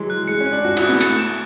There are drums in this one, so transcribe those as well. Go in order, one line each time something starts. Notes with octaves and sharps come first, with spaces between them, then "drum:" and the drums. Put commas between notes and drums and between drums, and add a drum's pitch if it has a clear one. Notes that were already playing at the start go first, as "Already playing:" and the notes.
Already playing: E3 F#3 G#3
F#6
G#3 C#7
C#4
F#6
D4
F#4 F#6
E4, drum: cymbal
F#6
B3
A3 C#7, drum: hi-hat
E7